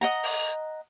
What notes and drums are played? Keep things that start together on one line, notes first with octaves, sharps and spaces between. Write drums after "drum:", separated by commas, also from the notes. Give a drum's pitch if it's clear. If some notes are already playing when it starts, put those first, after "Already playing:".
D#5 F#5 A#5
drum: open hi-hat